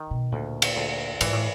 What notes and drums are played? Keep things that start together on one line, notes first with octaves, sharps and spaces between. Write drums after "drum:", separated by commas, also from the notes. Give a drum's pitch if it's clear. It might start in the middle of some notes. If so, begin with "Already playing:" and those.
Already playing: D#3
B2
D2 A#2
drum: cymbal
D2
G#2 E3, drum: cymbal
A2